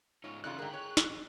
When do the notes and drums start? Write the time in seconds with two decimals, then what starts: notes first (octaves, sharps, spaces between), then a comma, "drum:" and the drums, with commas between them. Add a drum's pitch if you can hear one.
0.24 G#2 D#4 F4 C#5
0.44 F#2 C#3 D#4 F4 A4 D5 F#6
0.59 G#2 D3 A#3 G#4 G5
0.73 C#5
0.97 drum: snare